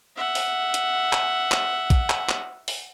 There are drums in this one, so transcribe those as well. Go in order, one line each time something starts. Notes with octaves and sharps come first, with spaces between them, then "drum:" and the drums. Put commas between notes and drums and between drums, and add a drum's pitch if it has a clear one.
E5 F#5
drum: open hi-hat
drum: hi-hat
drum: clap
drum: clap
drum: kick, hi-hat
drum: clap
drum: clap
drum: open hi-hat